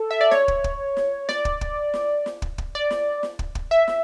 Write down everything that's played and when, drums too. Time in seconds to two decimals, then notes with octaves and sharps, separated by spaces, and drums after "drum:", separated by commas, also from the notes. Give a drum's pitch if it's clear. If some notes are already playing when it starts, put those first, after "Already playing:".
Already playing: A4
0.11 E5
0.21 D5
0.31 C#5, drum: snare
0.48 drum: kick
0.64 drum: kick
0.97 drum: snare
1.29 D5, drum: snare
1.45 drum: kick
1.61 drum: kick
1.94 drum: snare
2.26 drum: snare
2.42 drum: kick
2.58 drum: kick
2.75 D5
2.91 drum: snare
3.23 drum: snare
3.39 drum: kick
3.55 drum: kick
3.71 E5
3.88 drum: snare